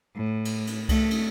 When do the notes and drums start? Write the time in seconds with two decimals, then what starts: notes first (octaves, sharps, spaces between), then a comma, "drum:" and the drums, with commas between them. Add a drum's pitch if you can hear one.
0.15 A2
0.45 drum: cymbal
0.67 drum: cymbal
0.89 A3, drum: kick C2, cymbal
1.11 drum: cymbal